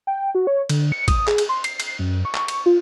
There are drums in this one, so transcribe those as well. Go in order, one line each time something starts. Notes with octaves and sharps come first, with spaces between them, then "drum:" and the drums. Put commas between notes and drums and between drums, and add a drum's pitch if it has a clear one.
G5
F#4
C#5
D3, drum: cymbal
C#7
D#6, drum: kick A1, cymbal
G#4, drum: clap
drum: cymbal
C6
C7, drum: cymbal
drum: cymbal
F#2
C#6
drum: clap
drum: cymbal
F4